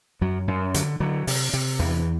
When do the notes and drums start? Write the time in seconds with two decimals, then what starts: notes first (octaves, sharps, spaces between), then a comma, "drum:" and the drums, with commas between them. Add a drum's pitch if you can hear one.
0.21 F#2 F#3
0.48 F#2
0.74 D3 F#3, drum: hi-hat
1.00 D3 F#3
1.27 C3, drum: open hi-hat
1.53 C3
1.79 E2 E3